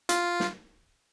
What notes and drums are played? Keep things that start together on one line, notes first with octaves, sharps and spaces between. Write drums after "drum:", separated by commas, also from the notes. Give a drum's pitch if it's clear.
F4, drum: hi-hat
drum: snare